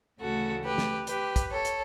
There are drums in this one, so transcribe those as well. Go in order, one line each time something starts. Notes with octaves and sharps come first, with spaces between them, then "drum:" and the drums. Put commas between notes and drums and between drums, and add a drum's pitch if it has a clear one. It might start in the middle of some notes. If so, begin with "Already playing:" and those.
D2 C#3 E3 A3 F#4 A4
G4 B4
drum: snare
G4 B4, drum: hi-hat
drum: kick, hi-hat
A4 C#5
drum: hi-hat